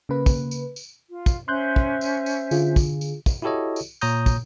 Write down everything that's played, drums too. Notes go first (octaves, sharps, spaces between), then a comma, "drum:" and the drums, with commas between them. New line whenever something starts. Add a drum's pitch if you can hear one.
C#3 A#3 B4
drum: kick, tambourine
drum: tambourine
drum: tambourine
F4
drum: kick, tambourine
C#4 C5 E5 C6 F#6 G6
drum: kick
drum: tambourine
drum: tambourine
D3 F4 G#4, drum: tambourine
drum: kick, tambourine
drum: tambourine
drum: kick, tambourine
E4 F#4 G4 A4 C#5 D#5
drum: tambourine
A#2 C#5 A#5 D#6 G6, drum: tambourine
drum: kick, tambourine